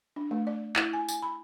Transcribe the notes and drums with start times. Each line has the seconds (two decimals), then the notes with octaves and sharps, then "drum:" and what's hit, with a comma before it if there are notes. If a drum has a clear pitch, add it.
0.16 D4
0.31 A3
0.47 D5
0.76 E4, drum: clap
0.93 G#5
1.08 G#5, drum: tambourine
1.22 B5